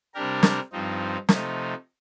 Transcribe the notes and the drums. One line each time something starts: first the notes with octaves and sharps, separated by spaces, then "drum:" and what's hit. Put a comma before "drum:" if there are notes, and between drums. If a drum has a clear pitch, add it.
C3 G3 D4 G4 A#4
drum: snare
G2 F3 C4 D#4
C3 F3 A3 D#4, drum: snare